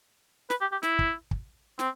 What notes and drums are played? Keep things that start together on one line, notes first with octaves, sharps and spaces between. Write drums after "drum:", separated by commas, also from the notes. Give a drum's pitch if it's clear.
B4, drum: snare
G4
G4
E4, drum: snare
drum: kick
drum: kick
C4, drum: snare